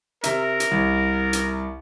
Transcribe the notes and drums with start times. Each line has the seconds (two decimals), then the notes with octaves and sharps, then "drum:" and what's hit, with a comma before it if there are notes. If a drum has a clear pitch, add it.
0.24 C3 A#4 E5, drum: hi-hat
0.60 drum: hi-hat
0.71 C2
1.33 drum: hi-hat